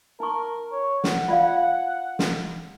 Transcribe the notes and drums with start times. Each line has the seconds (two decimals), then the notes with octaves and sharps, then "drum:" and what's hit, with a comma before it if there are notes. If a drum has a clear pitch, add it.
0.20 D#4 A#4 C#6
0.72 C#5
1.04 F#5, drum: snare
1.28 F4 D5 F5
2.19 drum: snare